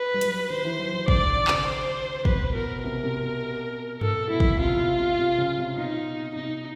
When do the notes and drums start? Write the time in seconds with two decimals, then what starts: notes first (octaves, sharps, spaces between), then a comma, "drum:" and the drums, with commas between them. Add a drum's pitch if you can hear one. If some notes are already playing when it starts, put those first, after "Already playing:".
Already playing: B4
0.14 G3
0.21 F#3, drum: hi-hat
0.50 D#3 C5
0.65 E3
0.79 F#3
0.94 E3
1.08 D3 D5, drum: kick
1.48 C3, drum: clap
1.67 C5
2.25 B2 B4, drum: kick
2.55 B2 A#4
2.84 C3 A#4
3.03 C3
3.23 B2
4.01 B2 A4, drum: tom G2
4.30 B2 E4
4.40 drum: kick
4.60 C3 F4
4.79 C3
4.99 C3
5.18 C3
5.38 C#3
5.58 C3
5.77 B2 D#4
6.35 C3 D#4